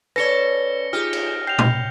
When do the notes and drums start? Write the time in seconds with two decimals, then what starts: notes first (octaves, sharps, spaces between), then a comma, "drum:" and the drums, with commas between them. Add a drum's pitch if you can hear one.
0.16 C#4 A4 B4 C#5 D5 A#6 C#7 G7
0.93 D#4 F4 G4 G#4 F6
1.13 drum: cymbal
1.47 G5 G6 C7 F7
1.59 drum: tom A#2